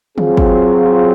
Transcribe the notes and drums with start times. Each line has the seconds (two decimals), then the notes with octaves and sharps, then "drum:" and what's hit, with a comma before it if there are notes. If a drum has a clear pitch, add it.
0.18 F#3 C4 F4 G#4, drum: tom D3
0.37 drum: kick